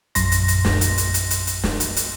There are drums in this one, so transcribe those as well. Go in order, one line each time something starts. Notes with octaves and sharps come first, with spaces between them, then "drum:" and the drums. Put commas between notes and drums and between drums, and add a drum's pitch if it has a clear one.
A#1 F#2 C6 A#6, drum: hi-hat
drum: hi-hat
drum: hi-hat
drum: snare
drum: hi-hat
drum: hi-hat
drum: hi-hat
drum: hi-hat
drum: hi-hat
drum: snare
drum: hi-hat
drum: hi-hat